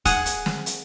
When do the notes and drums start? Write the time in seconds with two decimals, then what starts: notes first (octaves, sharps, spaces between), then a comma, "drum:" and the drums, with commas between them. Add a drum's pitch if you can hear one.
0.05 G#4 F#5, drum: kick, hi-hat
0.26 drum: hi-hat
0.46 drum: snare
0.66 drum: hi-hat